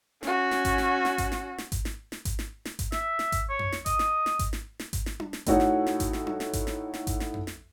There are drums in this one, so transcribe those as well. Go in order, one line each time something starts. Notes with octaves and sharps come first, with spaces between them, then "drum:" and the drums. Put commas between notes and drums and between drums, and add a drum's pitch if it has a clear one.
C#4 F#4, drum: snare
drum: snare
drum: kick G#1, hi-hat
drum: snare
drum: snare
drum: kick G#1, hi-hat
drum: snare
drum: snare
drum: kick G#1, hi-hat
drum: snare
drum: snare
drum: kick G#1, hi-hat
drum: snare
drum: snare
drum: kick G#1, hi-hat
E5, drum: snare
drum: snare
drum: kick G#1, hi-hat
C#5
drum: tom F2
drum: snare
D#5, drum: kick G#1, hi-hat
drum: snare
drum: snare
drum: kick G#1, hi-hat
drum: snare
drum: snare
drum: kick G#1, hi-hat
drum: snare
drum: tom D4
drum: snare
A2 A3 D#4 F#4 C#5 F#5, drum: kick G#1, hi-hat
drum: snare
drum: snare
drum: kick G#1, hi-hat
drum: snare
drum: tom D4
drum: snare
drum: kick G#1, hi-hat
drum: snare
drum: snare
drum: kick G#1, hi-hat
drum: snare
drum: tom F2
drum: snare